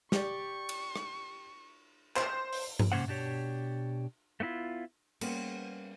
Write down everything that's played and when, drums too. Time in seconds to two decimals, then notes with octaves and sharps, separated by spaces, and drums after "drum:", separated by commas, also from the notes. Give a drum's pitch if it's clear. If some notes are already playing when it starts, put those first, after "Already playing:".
0.12 G4 D5 C#6, drum: snare
0.69 drum: cymbal
0.96 drum: rim click
2.16 C5, drum: clap
2.53 drum: open hi-hat
2.79 drum: tom G2
2.92 G#2 C3 A#3 C#4 C5 F#5
3.08 B2 D4 G4 C#5
4.40 A3 B3 C#4 E4 F4
5.21 G3 A#3 B3 C#4 G#4 C5, drum: cymbal